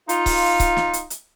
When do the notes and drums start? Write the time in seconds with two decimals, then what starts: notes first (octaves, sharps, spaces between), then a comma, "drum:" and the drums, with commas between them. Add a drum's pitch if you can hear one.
0.09 D#4 F4, drum: hi-hat
0.26 drum: kick C#1, open hi-hat
0.60 drum: kick C#1, hi-hat
0.77 drum: snare
0.93 drum: hi-hat
1.10 drum: hi-hat